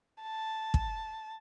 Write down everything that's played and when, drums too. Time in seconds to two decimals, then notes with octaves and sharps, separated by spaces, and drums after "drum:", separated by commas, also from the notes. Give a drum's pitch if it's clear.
0.22 A5
0.74 drum: kick